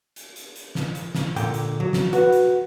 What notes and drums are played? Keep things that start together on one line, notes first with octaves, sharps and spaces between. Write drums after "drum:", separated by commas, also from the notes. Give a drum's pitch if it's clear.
drum: hi-hat
drum: hi-hat
drum: hi-hat
drum: snare
drum: hi-hat
drum: snare
A#2 D3 G5, drum: hi-hat
drum: hi-hat
F#3
drum: snare
F#4 B4, drum: hi-hat
drum: hi-hat